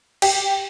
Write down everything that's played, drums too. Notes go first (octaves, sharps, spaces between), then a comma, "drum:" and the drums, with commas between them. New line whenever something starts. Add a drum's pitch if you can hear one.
G4, drum: cymbal